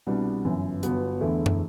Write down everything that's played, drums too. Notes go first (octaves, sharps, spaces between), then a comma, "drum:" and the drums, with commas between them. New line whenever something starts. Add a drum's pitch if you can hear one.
C2 B2 G3 D4
G1 F#2 E3
G1 G2 F#3 B3, drum: hi-hat
E1 E2 D3 A3 E4
drum: tom